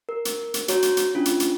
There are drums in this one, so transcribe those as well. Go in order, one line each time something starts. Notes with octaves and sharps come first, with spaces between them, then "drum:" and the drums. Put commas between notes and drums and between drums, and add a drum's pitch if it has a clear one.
A#4
drum: hi-hat
drum: hi-hat
F#4 C#5 A#5, drum: hi-hat
drum: hi-hat
drum: hi-hat
C#4 D4 F4
drum: hi-hat
drum: hi-hat